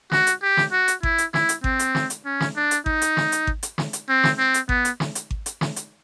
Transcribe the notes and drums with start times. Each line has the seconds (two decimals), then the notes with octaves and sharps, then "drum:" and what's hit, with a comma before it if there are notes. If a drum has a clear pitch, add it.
0.12 F#4, drum: snare
0.27 drum: hi-hat
0.43 G4
0.57 drum: snare
0.72 F#4
0.88 drum: hi-hat
1.03 E4, drum: kick G#1
1.18 drum: hi-hat
1.34 E4, drum: snare
1.49 drum: hi-hat
1.64 C4, drum: kick G#1
1.79 drum: hi-hat
1.95 drum: snare
2.10 drum: hi-hat
2.25 C#4
2.40 drum: snare
2.56 D4
2.71 drum: hi-hat
2.86 D#4, drum: kick G#1
3.02 drum: hi-hat
3.17 drum: snare
3.32 drum: hi-hat
3.47 drum: kick G#1
3.63 drum: hi-hat
3.78 drum: snare
3.93 drum: hi-hat
4.09 C4
4.24 drum: snare
4.38 C4
4.54 drum: hi-hat
4.69 B3, drum: kick G#1
4.85 drum: hi-hat
5.00 drum: snare
5.15 drum: hi-hat
5.31 drum: kick G#1
5.46 drum: hi-hat
5.61 drum: snare
5.76 drum: hi-hat